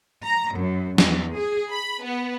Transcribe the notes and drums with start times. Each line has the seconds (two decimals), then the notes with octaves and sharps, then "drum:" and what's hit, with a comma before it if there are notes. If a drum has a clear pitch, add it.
0.23 A#5
0.53 F#2
0.98 E2, drum: snare
1.34 G#4
1.70 B5
2.04 B3